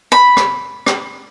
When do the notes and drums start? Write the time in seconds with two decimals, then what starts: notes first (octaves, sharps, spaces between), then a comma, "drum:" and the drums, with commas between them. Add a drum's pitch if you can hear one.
0.12 B5
0.37 drum: rim click
0.86 drum: rim click